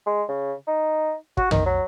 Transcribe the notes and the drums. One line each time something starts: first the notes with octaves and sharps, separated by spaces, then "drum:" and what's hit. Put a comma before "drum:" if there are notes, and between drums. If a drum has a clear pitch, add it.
G#3
C#3
D#4
F#4, drum: kick
D#3, drum: tom
F#3